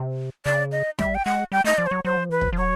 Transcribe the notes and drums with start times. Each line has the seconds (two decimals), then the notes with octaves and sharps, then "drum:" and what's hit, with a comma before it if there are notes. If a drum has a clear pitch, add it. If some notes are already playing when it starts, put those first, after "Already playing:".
Already playing: C3
0.45 C#3 D5
0.72 D#5
0.99 G3 E5, drum: snare
1.15 G5
1.25 G#3 F#5
1.52 G3 G5
1.64 A3 D#5
1.78 F3 D5
1.86 C5
1.91 F#3 C#5
2.05 F#3 C5
2.17 F3
2.29 E3 B4
2.41 F3, drum: kick
2.53 F3
2.57 F#3 C#5